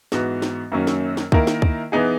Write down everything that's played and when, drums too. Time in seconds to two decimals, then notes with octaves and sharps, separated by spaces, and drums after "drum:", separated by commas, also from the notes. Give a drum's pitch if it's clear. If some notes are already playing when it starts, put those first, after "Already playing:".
0.12 G#2 E3 B3 F#4, drum: snare
0.42 drum: snare
0.72 F#2 D#3 F#3 A#3 C#4
0.87 drum: snare
1.17 drum: snare
1.32 D#3 A#3 E4 A#4, drum: kick
1.47 drum: snare
1.62 drum: kick
1.92 E3 B3 D#4 G#4